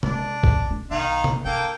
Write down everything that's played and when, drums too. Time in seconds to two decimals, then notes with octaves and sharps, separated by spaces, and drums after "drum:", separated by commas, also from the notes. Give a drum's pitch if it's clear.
0.03 G#3 C#4 D4, drum: tom C3
0.43 drum: kick
0.70 D4
0.91 B1 D#3 D#4 F5
1.24 drum: tom C3
1.45 A#3 D4 A4 G5